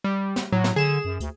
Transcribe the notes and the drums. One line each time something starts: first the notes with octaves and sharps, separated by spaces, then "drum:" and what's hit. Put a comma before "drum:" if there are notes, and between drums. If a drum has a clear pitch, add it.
G3
drum: snare
A2 F#3
drum: snare
D3 G#4 E7
F#2
D2, drum: hi-hat